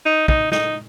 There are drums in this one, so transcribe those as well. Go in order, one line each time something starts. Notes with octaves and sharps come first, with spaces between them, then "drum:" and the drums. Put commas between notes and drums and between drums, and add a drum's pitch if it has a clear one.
D#4
D#4, drum: kick
D#4, drum: snare